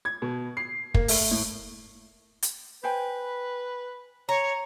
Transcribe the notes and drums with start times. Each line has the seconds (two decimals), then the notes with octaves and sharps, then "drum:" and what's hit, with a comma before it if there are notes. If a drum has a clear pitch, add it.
0.05 G#6
0.22 B2
0.57 C7
0.94 A#3, drum: kick
1.08 A3, drum: open hi-hat
1.31 A2
2.43 drum: hi-hat
2.84 B4 C5 G5 G#5
4.29 C#5 A#5